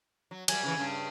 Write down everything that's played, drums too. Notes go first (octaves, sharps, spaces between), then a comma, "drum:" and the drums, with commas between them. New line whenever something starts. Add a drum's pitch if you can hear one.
F#3
F#3 G3 G#5, drum: cymbal
C#3 E3
G2 C#3